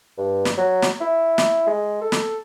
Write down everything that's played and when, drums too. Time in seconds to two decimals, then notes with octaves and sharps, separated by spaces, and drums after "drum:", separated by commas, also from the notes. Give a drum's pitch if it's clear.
0.18 G2
0.45 drum: snare
0.58 F#3
0.82 drum: snare
1.01 E4
1.38 drum: snare
1.67 G#3
2.02 A4
2.12 drum: snare